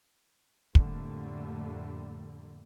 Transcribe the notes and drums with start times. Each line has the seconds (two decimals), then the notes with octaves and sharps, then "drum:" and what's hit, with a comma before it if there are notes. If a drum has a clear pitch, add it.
0.75 F2 A2 D3 G3 A3 A#3, drum: kick